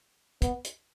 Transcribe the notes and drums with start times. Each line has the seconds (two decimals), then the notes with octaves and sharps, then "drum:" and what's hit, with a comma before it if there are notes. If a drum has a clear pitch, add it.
0.42 B3, drum: kick, hi-hat
0.65 drum: hi-hat